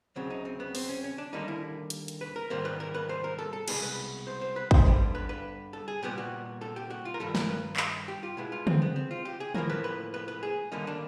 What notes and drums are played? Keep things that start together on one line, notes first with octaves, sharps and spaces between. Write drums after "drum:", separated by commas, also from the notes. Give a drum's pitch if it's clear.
D2 C#3 F#3 C4
D#4
C4
B3
C4, drum: open hi-hat
C#4
C#4
D4
D#2 D3 G3 A#3 D#4
E4
drum: hi-hat
drum: hi-hat
B4
A#4
G#2 D#3 G3 A#3 C5
B4
A#4
B4
C5
A#4
A4
A4
C2 B2 G#3 B3 G#4, drum: cymbal
B4
C5
C5
B4
C5, drum: kick
G2 D3 G3 B3
B4
B4
A4
G#4
A#2 G3 B3 G4
F#4
A4
G4
F#4
F4
A#4
G2 D#3 G3 A4
A#4, drum: snare
B4
drum: clap
G4
F4
B2 G#3 B3 E4
F4
C4, drum: tom
B3
C4
F4
G4
G#4
A2 F3 A#3 A#4, drum: tom D3
B4
B4
B4
B4
G#4
D#2 D3 G3 A#3 D#4
D4